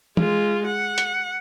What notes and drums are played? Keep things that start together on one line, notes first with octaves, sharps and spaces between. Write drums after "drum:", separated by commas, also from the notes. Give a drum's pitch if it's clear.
G#3 F4, drum: tom
F#5
drum: hi-hat